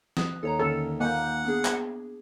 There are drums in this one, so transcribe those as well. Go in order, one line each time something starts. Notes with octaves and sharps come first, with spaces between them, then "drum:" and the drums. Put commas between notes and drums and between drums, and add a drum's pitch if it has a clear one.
D#6 F#6, drum: snare
D#2 A4 C#5 A#5
D3 C#4 A4 C#5
A#3 F#5 G#5 A5 G6
B3 D4 G#4
drum: clap